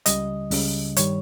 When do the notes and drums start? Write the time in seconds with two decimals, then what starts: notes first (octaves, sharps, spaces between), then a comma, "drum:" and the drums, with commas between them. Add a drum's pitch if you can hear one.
0.06 C#2 C#3 G3 D#5, drum: hi-hat
0.51 C#2 C#3 G3, drum: open hi-hat
0.96 G2 D#3 G3 C#5, drum: hi-hat